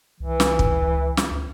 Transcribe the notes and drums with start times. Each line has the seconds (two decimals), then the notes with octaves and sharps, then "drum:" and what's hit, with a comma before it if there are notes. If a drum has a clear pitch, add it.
0.20 C2 E3
0.40 drum: snare
0.59 drum: kick
0.70 C#2
1.17 drum: snare
1.31 D2